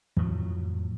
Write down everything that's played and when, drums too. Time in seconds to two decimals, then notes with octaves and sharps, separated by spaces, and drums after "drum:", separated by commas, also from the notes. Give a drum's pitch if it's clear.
0.17 F2 A2 F3 F#3, drum: tom D#3